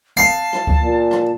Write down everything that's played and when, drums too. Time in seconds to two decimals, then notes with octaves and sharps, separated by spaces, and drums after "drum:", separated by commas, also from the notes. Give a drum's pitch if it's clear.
0.17 F5 A5 C7
0.53 drum: rim click
0.67 drum: kick C#2
0.82 A#2
1.11 drum: rim click